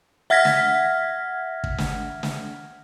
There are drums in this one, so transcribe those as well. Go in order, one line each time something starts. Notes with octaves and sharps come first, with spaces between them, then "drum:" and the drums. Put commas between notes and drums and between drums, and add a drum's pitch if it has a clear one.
E5 F#5 F6 G#6 A#6 B6
drum: snare
drum: kick
drum: snare
drum: snare